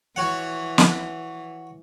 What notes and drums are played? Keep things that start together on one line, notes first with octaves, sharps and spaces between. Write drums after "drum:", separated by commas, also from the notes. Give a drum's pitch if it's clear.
E3 F#4 C#5 F#5
drum: snare